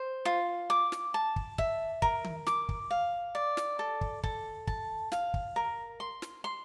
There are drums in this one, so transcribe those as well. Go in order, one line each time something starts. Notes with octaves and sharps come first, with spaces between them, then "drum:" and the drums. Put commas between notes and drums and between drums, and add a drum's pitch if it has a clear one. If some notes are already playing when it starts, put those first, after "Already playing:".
Already playing: C5
F4
D6
drum: snare
A5
drum: kick
E5, drum: kick
A#4, drum: kick
drum: tom D#3
D6, drum: snare
drum: kick
F5
D5
drum: snare
A4
drum: kick
A4, drum: kick
A5, drum: kick
F5, drum: snare
drum: kick
A#4
C6
drum: snare
C6